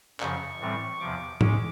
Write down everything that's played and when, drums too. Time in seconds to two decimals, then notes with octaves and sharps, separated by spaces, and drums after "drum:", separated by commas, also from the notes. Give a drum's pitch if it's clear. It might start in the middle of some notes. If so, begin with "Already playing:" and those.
0.20 F#2 C#3 F3 C#6, drum: clap
0.60 A2 E3 G3 C4
1.00 E2 C3 F3 D6
1.41 G#3 C#4, drum: tom G#2